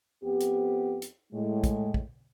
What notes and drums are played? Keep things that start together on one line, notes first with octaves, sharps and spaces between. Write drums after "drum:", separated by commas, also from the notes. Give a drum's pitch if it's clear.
F2 B3 C4 G4
drum: hi-hat
drum: hi-hat
A2 G#3
drum: kick, hi-hat
drum: kick